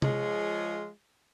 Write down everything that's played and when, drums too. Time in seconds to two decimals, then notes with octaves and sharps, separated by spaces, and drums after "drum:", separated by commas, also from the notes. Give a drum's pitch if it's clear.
0.02 F3 G#3 F4 G#4 C#5, drum: tom